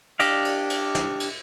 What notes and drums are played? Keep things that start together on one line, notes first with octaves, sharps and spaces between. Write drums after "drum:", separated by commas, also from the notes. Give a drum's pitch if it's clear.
D4 G4 D5 D#5 F5, drum: cymbal
drum: cymbal
drum: cymbal
drum: snare
drum: cymbal